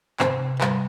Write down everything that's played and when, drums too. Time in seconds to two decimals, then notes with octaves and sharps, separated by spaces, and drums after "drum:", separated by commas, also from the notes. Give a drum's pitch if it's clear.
0.20 C3 C4, drum: clap
0.40 C3
0.61 G3, drum: clap